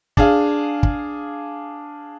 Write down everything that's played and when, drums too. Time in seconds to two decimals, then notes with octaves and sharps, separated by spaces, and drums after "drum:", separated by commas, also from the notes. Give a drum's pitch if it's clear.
0.17 D4 G#4 F5, drum: kick
0.83 drum: kick